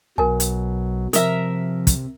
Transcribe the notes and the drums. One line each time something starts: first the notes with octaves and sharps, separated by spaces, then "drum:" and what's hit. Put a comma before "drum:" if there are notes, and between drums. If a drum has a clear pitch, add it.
B1 B2 F#3 A#4 G#5
drum: hi-hat
C3 F3 A#4 E5 A#5 D#6, drum: hi-hat
drum: kick, hi-hat